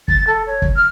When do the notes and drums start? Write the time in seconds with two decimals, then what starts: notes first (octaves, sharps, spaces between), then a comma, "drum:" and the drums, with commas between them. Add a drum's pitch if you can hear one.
0.08 A6, drum: kick
0.27 A4
0.47 C#5
0.62 drum: kick
0.76 F6